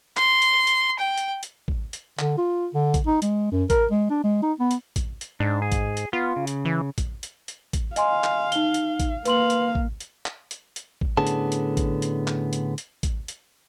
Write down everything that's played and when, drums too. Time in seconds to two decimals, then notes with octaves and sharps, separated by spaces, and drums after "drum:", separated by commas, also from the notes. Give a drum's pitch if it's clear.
0.17 C6, drum: clap
0.42 drum: hi-hat
0.67 drum: hi-hat
0.99 G5
1.18 drum: hi-hat
1.43 drum: hi-hat
1.68 drum: kick A1
1.93 drum: hi-hat
2.19 D3, drum: clap
2.37 F4
2.74 D3
2.94 drum: kick A1, hi-hat
3.07 D#4
3.22 G#3, drum: hi-hat
3.52 F#2
3.70 A#4, drum: kick A1, hi-hat
3.91 G#3
4.10 D4
4.24 G#3
4.42 D#4
4.60 B3
4.71 drum: hi-hat
4.96 drum: kick A1, hi-hat
5.21 drum: hi-hat
5.40 G#2 D4
5.62 G#4
5.72 drum: kick A1, hi-hat
5.97 drum: hi-hat
6.13 B3 F4
6.36 C#3
6.47 drum: hi-hat
6.65 E3
6.98 drum: kick A1, hi-hat
7.23 drum: hi-hat
7.48 drum: hi-hat
7.73 drum: kick A1, hi-hat
7.96 D#5 F5 G#5 C6, drum: hi-hat
8.24 drum: clap
8.52 D#4 G7, drum: hi-hat
8.74 drum: hi-hat
9.00 drum: kick A1, hi-hat
9.25 A#3 B4 F5 C6 F#7, drum: hi-hat
9.50 drum: hi-hat
9.75 drum: kick A1
10.00 drum: hi-hat
10.26 drum: clap
10.51 drum: hi-hat
10.76 drum: hi-hat
11.01 drum: kick A1
11.17 A2 D3 B3 C#4 G#4 A5
11.27 drum: hi-hat
11.52 drum: hi-hat
11.77 drum: kick A1, hi-hat
12.02 drum: hi-hat
12.27 drum: clap
12.53 drum: hi-hat
12.78 drum: hi-hat
13.03 drum: kick A1, hi-hat
13.28 drum: hi-hat